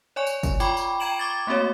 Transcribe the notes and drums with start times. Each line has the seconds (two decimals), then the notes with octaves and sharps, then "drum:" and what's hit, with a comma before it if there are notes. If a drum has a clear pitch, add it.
0.16 C#5 D5 G#5 C#6
0.27 drum: tambourine
0.43 drum: kick G1, tambourine
0.60 F4 G5 B5 C#6 D6, drum: tambourine
0.77 drum: tambourine
1.00 G5 A#5 G#6 D7 E7 F#7
1.19 C#6 D6 G#6 A6
1.47 A3 A#3 C4 F#4 C#5